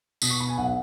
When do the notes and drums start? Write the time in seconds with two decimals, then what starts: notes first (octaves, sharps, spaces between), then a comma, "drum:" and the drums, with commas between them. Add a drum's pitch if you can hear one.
0.22 B2 D#6, drum: tambourine
0.30 C#6
0.40 B2 B5
0.49 G#5
0.57 B1 F#5